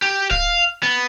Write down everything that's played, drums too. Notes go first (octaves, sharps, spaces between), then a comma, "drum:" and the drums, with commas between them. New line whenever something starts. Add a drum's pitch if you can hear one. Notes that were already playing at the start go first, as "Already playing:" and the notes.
G4
F5, drum: kick
B3